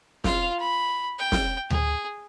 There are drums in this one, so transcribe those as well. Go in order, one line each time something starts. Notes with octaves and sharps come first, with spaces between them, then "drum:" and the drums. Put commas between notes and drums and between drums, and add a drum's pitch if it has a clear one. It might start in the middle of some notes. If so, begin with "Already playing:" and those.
F4 F5, drum: snare
B5
G5
drum: snare
G#4, drum: tom D2